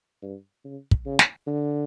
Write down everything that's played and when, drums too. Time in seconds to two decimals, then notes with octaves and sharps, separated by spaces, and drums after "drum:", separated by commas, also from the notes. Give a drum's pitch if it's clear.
0.22 G2
0.64 C#3
0.91 drum: kick
1.06 C#3
1.19 drum: snare
1.47 D3